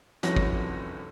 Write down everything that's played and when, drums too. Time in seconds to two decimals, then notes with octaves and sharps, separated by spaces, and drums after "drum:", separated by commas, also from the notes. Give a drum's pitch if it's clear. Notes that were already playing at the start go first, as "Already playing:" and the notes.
0.23 F1 C2 F2 C#4 F#4 A#6, drum: hi-hat
0.36 drum: kick